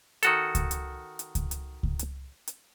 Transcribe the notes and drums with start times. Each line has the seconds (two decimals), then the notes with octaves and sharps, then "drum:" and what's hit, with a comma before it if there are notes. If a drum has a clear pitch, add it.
0.23 D#3 F#4 A4, drum: hi-hat
0.55 drum: kick C#2, hi-hat
0.71 drum: hi-hat
1.19 drum: hi-hat
1.35 drum: kick C#2, hi-hat
1.51 drum: hi-hat
1.83 drum: kick C#2
1.99 drum: hi-hat
2.47 drum: hi-hat